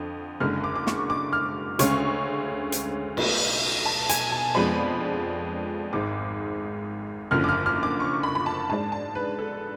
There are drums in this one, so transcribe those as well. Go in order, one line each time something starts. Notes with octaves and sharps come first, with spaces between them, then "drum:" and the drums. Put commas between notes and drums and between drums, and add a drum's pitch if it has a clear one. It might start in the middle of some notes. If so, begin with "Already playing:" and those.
Already playing: F2 D3
F#1 F#2 D3 G#3 F6
D6
D6
C#6, drum: snare
D6
F6
D2 C#3 G#3 C#4 C#6, drum: hi-hat
drum: hi-hat
B1 B2 A3, drum: cymbal
A5
G#5, drum: hi-hat
A5
F2 F3 G#3 B3 D4 B5
G#1 G#2 G#3 D6
F#1 F#2 D3 F3 F6
D6
F6
F6
D6
C#6
B5
B5
A5
G#2 G#3 D4 A5
A5
B4
A4